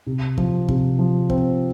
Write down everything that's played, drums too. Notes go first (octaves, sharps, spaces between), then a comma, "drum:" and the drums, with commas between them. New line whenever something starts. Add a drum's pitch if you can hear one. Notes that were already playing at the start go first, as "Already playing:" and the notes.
C3
F3, drum: kick
C3, drum: kick
F3
C4, drum: kick